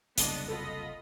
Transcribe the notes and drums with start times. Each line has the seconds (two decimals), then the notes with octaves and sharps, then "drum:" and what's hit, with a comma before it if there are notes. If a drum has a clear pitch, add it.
0.18 F#1 C2 F2 D3 B3 D4 D#5, drum: hi-hat
0.48 F4 A4 D#5 F#5 B5